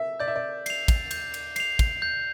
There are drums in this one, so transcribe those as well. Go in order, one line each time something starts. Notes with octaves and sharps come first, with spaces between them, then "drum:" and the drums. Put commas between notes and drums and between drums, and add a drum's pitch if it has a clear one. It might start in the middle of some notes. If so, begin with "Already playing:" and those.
Already playing: E5
D5 G6
E5
D5
C7 F7, drum: cymbal
drum: kick, cymbal
G6, drum: cymbal
drum: cymbal
C7 F7, drum: cymbal
drum: kick, cymbal
G6